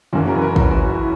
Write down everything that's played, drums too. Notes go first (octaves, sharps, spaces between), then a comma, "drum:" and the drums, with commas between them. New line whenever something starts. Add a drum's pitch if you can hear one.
F#1 F#2 C#3 E3 A#3 F#4
A#4
B4
A#4
F#4, drum: kick
F#4
E4